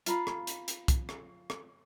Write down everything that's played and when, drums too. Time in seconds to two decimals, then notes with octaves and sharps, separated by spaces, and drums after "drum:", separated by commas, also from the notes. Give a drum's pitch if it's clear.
0.06 F4 F5 A#5 B5, drum: hi-hat
0.27 drum: rim click
0.47 drum: hi-hat
0.68 drum: hi-hat
0.88 drum: kick, hi-hat
1.09 drum: rim click
1.50 drum: rim click